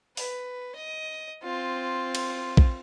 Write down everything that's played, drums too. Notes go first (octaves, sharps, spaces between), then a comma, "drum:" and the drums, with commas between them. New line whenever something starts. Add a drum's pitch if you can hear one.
B4, drum: open hi-hat
D#5
C4 F4
drum: cymbal
drum: kick A#1